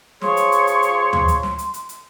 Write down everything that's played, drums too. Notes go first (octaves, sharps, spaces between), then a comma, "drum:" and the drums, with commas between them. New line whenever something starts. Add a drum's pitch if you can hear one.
F3 G#4 C#5 C6, drum: snare
drum: hi-hat
drum: hi-hat
drum: hi-hat
drum: hi-hat
drum: tom
drum: hi-hat
drum: snare
drum: hi-hat
drum: hi-hat
drum: hi-hat